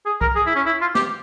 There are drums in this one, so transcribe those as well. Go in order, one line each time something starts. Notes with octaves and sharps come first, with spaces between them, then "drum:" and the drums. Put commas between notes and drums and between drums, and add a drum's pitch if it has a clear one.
G#4
A#4, drum: kick C2
G#4
E4
C#4
E4
F4
G4, drum: snare